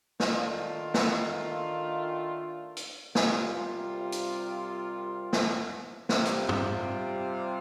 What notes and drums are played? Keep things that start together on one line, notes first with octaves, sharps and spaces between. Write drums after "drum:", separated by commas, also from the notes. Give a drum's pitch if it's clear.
D#3 A3 D4 F4, drum: snare
drum: snare
drum: hi-hat
C3 G3 C4 F4 A#4, drum: snare
drum: hi-hat
drum: snare
C3 G3 C4 F4, drum: snare
drum: hi-hat
drum: tom G2